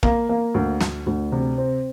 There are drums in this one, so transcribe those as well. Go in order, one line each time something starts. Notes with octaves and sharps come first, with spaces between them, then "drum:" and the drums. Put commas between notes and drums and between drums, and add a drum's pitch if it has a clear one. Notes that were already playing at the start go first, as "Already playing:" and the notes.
A#3, drum: kick
A#3
D2
D2, drum: snare
D2
C3
C4